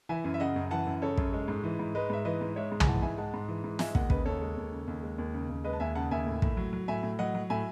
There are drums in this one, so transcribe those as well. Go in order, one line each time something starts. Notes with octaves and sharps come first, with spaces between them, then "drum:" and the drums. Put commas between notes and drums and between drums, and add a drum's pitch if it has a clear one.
E3 E5 G#5
F#2
E5
C#3 D#5 F#5
F#2
E3 F#5 A5
F#2
C#3 A4 C#5
F#2, drum: kick
G#3
G#2
E3
G#2
G#3 B4 D#5
G#2 E5
E3 B4 D#5
G#2
G#3 C#5 E5
G#2
G#5, drum: tom
E3 F#5 A5
G#2 E5 G#5
G#3 F#5 A5
G#2
E3
G#2
G#3 E5 G#5, drum: snare
D#2 D#5 F#5, drum: kick
C#3 B4 D#5, drum: kick
D#2 A4 C#5
G#3
D#2
C#3
D#2
G#3
D#2
C#3
D#2
G#3 B4 D#5
A5
D#2 E5 G#5
C#3 F#5 A5
D#2 E5 G#5
A2
A2, drum: kick
F#3
F#3
A2 E5 G#5
A2
F#3 D#5 F#5
F#3
A2 E5 G#5